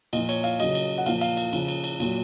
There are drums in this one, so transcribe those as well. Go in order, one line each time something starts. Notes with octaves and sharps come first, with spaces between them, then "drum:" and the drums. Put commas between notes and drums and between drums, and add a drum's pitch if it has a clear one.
A#2 F3 D#5, drum: cymbal
C#5, drum: cymbal
F5, drum: cymbal
C#3 F#3 D#5, drum: cymbal
drum: cymbal
F#5
A#2 F3 F5, drum: cymbal
F5, drum: cymbal
drum: cymbal
C#3 F3, drum: cymbal
drum: cymbal
drum: cymbal
A#2 F#3, drum: cymbal